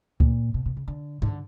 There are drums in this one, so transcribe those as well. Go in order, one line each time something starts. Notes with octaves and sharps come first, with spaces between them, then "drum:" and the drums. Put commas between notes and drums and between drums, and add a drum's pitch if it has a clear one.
A#2, drum: kick C#2
B2
B2
C#3
D3
D3, drum: tom G2